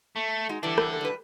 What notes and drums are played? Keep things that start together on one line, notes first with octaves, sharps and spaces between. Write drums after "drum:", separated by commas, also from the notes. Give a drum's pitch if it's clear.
A3
G#3 D#4 F#4
D3 E3 G3 D4
drum: rim click
G3 B4